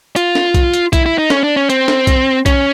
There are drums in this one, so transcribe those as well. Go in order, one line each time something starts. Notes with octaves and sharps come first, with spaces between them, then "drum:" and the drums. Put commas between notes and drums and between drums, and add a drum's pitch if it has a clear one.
F4, drum: hi-hat
drum: snare
drum: kick B1, hi-hat
drum: hi-hat
E4, drum: kick B1, hi-hat
E4
D#4
C#4, drum: snare
D4
C#4
C4, drum: hi-hat
drum: snare
drum: kick B1, hi-hat
C#4, drum: kick B1, hi-hat